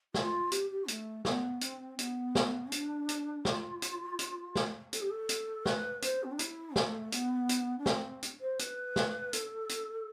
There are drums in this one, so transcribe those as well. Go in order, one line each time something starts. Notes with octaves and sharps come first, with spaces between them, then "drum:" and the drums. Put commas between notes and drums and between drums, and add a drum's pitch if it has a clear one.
F4, drum: snare
G4, drum: hi-hat
G4
A3, drum: hi-hat
B3, drum: snare
C4, drum: hi-hat
B3, drum: hi-hat
drum: snare
D4, drum: hi-hat
drum: hi-hat
F4, drum: snare
drum: hi-hat
drum: hi-hat
drum: snare
A4, drum: hi-hat
G4
A4
drum: hi-hat
B4, drum: snare
C5, drum: hi-hat
C4
D4
E4, drum: hi-hat
A3, drum: snare
B3, drum: hi-hat
drum: hi-hat
D4
C4, drum: snare
drum: hi-hat
C5
B4, drum: hi-hat
drum: snare
A4, drum: hi-hat
drum: hi-hat